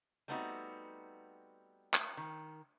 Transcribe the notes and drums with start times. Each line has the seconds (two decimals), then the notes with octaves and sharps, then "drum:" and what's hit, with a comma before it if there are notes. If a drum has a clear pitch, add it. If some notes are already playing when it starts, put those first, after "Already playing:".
0.28 G3 A3 B3 C4 D#4 F#4
1.94 drum: clap
2.17 D#3